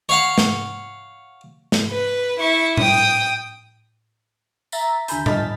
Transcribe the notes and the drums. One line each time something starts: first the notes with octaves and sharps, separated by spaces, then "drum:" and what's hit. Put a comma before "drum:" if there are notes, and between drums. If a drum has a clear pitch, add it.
C#5 F5 F#5
drum: snare
drum: snare
B4
E4 C#6
G5 D#6, drum: tom A2
E5 A#5 A6 B6, drum: tambourine
D#2 D3 E5 G#5 B5 G6, drum: hi-hat
D#5 A5 B5 F6 A6 B6, drum: tom A2